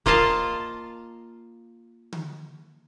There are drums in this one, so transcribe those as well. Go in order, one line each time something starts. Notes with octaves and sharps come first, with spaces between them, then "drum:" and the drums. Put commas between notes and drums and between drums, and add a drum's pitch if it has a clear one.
A#3 F4 D#5 F5 A5, drum: kick
drum: tom D3